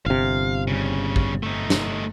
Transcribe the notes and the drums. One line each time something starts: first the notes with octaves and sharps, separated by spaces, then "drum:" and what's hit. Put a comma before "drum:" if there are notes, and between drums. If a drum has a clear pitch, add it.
G1 C3 F5
G2 C#3
drum: kick A1
A3 D#4
drum: snare